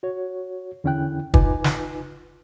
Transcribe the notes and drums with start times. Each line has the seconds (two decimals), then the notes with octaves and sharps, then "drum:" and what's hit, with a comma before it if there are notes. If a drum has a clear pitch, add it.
0.03 F#4 C#5
0.84 E2 D3 C#4 E4 G5 F#6
1.34 D#4 F4 B4 G#5 D6, drum: kick
1.64 drum: snare